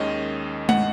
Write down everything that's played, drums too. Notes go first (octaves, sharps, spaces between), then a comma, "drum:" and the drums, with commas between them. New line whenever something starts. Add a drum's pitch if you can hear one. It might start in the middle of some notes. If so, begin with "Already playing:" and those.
Already playing: D#2 D#3 G#3 C#4 D#5
F#5, drum: tom G#3